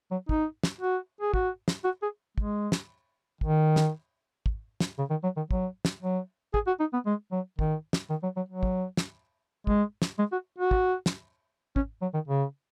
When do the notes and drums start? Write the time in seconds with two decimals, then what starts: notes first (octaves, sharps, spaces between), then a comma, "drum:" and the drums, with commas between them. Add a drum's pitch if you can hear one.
0.11 F#3
0.29 D#4, drum: kick
0.64 drum: snare
0.81 F#4
1.21 G#4
1.34 F#4, drum: kick
1.68 drum: snare
1.85 F#4
2.03 G#4
2.38 G#3, drum: kick
2.72 drum: snare
3.41 D#3, drum: kick
3.76 drum: snare
4.46 drum: kick
4.80 drum: snare
4.98 C#3
5.10 D#3
5.24 F#3
5.37 D#3
5.51 F#3, drum: kick
5.85 drum: snare
6.03 F#3
6.54 G#4, drum: kick
6.67 F#4
6.80 D#4
6.93 B3
7.06 G#3
7.32 F#3
7.59 D#3, drum: kick
7.93 drum: snare
8.10 D#3
8.23 F#3
8.37 F#3
8.49 F#3
8.63 drum: kick
8.97 drum: snare
9.67 G#3, drum: kick
10.02 drum: snare
10.19 G#3
10.32 F#4
10.59 F#4
10.71 drum: kick
11.06 drum: snare
11.76 C#4, drum: kick
12.02 F#3
12.14 D#3
12.28 C#3